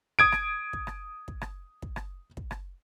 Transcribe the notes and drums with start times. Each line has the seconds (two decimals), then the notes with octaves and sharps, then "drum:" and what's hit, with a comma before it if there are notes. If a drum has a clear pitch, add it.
0.19 D#6 G#6 D7, drum: kick
0.32 drum: rim click
0.73 drum: kick
0.87 drum: rim click
1.28 drum: kick
1.41 drum: rim click
1.82 drum: kick
1.96 drum: rim click
2.37 drum: kick
2.51 drum: rim click